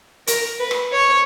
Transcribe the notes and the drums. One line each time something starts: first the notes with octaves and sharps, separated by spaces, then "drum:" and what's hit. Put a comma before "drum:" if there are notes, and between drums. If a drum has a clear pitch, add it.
A#4, drum: hi-hat
B4
drum: rim click
C#5